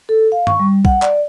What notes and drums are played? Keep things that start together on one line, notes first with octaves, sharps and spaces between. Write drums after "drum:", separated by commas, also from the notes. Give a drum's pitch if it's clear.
A4
F5
C#6, drum: tom G2
G3
F#5, drum: kick A#1
D5, drum: clap